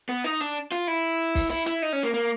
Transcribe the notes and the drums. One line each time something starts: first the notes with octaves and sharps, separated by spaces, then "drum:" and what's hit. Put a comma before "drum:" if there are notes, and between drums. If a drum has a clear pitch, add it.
B3
D#4
D4, drum: hi-hat
F4, drum: hi-hat
E4
drum: kick B1, open hi-hat
E4
E4, drum: hi-hat
D#4
C#4
A#3
A#3